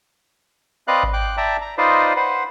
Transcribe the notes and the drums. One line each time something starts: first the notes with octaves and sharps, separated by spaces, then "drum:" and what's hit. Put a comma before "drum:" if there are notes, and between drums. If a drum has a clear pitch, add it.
C4 B4 D5 D#5 F5 F#6
drum: kick G#1
G5 D6 F#6
D5 E5 G5 A5 A#5 D6
A#5
D#4 F4 B4 C5 D5 D#5
B4 C5 F#5